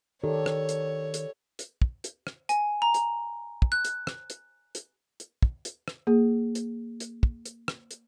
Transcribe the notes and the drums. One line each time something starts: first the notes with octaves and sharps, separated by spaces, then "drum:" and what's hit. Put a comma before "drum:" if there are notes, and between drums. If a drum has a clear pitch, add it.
D#3 G4 A4 C#5 D5
drum: rim click
drum: hi-hat
drum: hi-hat
drum: hi-hat
drum: kick
drum: hi-hat
drum: rim click
G#5, drum: hi-hat
A#5
drum: hi-hat
drum: kick
F#6
drum: hi-hat
drum: rim click
drum: hi-hat
drum: hi-hat
drum: hi-hat
drum: kick
drum: hi-hat
drum: rim click
A#3 G#4
drum: hi-hat
drum: hi-hat
drum: kick
drum: hi-hat
drum: rim click
drum: hi-hat